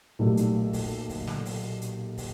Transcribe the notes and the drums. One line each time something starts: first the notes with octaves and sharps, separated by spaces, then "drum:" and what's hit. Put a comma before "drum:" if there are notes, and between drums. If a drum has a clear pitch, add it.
B1 A#2 G3 A3
drum: hi-hat
drum: kick, open hi-hat
drum: kick, open hi-hat
drum: snare
drum: open hi-hat
drum: hi-hat
drum: kick, open hi-hat